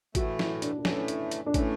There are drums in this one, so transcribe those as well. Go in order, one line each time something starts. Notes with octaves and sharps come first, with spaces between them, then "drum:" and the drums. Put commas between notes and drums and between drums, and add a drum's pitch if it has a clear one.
A2 E3 A3 F#4, drum: kick, hi-hat
E4, drum: snare
D4, drum: hi-hat
D4
A2 E3 A3 C#4, drum: snare
drum: hi-hat
drum: hi-hat
D4
A2 E3 A3 C#4, drum: kick, hi-hat